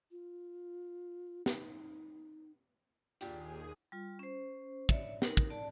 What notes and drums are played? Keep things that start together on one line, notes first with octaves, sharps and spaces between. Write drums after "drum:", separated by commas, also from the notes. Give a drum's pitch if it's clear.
F4
D#4, drum: snare
D#2 A#2 D4 G4 G#4, drum: hi-hat
G3 F4
C#4 C5
C#5 D5 E5, drum: kick
D#4 A#4, drum: snare
drum: kick
D5 A5